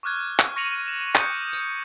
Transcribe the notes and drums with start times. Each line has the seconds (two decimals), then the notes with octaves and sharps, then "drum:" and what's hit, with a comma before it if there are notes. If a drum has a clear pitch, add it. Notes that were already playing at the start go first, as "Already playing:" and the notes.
0.03 C#6 D6 F6 F#6 G#6
0.39 drum: clap
0.56 C#6 A#6 C#7 D#7 F7 F#7
0.88 E7
1.15 D#6 F#6 G6 C#7 D#7, drum: clap
1.53 drum: tambourine